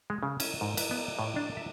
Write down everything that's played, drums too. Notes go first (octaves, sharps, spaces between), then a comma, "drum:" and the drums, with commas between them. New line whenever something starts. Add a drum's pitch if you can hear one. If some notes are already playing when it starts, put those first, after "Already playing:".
G#3
C#3
C#4, drum: cymbal
G#2
B4, drum: cymbal
B3
A2
D4
E5